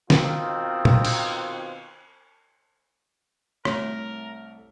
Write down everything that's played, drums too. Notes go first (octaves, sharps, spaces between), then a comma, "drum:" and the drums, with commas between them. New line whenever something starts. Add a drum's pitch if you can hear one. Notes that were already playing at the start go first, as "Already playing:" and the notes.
B2 D#3 C4 F4, drum: snare
drum: tom
drum: cymbal
C2 A3 A#4 C#5, drum: rim click